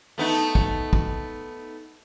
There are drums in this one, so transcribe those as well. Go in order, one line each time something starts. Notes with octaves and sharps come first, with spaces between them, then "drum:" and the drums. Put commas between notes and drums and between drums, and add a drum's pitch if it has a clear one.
A3 B3 D#4
drum: kick
drum: kick